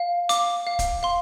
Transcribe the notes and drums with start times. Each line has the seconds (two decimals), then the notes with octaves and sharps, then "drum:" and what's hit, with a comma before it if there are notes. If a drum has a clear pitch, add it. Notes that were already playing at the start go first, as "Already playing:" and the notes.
Already playing: F5
0.29 F5 D6, drum: hi-hat
0.67 F5
0.79 drum: kick C#1, hi-hat
1.03 F5 C6